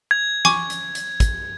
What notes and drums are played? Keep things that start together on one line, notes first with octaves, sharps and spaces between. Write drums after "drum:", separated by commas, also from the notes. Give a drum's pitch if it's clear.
G#6
G#5 C#6 D6, drum: snare
drum: hi-hat
drum: hi-hat
drum: kick, hi-hat